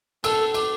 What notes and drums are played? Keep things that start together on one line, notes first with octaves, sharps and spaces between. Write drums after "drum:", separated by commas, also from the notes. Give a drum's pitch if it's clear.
A4 E6, drum: cymbal
D6, drum: cymbal